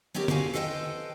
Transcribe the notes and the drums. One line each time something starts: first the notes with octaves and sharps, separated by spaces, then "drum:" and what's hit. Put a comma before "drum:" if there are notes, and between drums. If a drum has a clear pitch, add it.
G#3 C4 C#4 G4 A#4
F#4 G4 C5 F5 G#5, drum: tom D3
A4 B4 C5 D#5 F5 G5